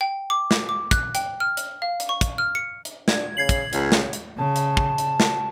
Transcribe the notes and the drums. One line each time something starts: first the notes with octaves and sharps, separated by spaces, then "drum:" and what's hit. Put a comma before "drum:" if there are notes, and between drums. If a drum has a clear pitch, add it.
G5
D6
drum: snare
D6
F#6, drum: kick, hi-hat
G5, drum: hi-hat
F6
drum: hi-hat
F5
drum: hi-hat
C#6
drum: kick, hi-hat
F6
C#7
drum: hi-hat
D4 G#6, drum: snare
C#3 G#6 C7 F#7
drum: kick, hi-hat
C#2 C#3, drum: hi-hat
drum: snare
drum: hi-hat
C#3 A5
drum: hi-hat
drum: kick
drum: hi-hat
drum: snare